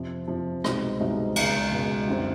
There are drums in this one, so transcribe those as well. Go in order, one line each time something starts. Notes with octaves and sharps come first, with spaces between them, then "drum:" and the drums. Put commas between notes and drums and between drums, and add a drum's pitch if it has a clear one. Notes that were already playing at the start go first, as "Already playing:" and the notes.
Already playing: F2 C3 F3
F2 C3 F3
C2 B2 G#3 C4 D#4, drum: rim click
C2 B2 G#3 C4 D#4
C#2 B2 G#3, drum: cymbal
C#2 B2 G#3
F#2 D3 G3 C4 D#4